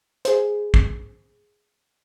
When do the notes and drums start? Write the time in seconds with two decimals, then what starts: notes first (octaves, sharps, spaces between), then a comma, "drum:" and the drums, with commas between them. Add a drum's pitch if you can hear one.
0.25 G#4 C5, drum: hi-hat
0.74 drum: kick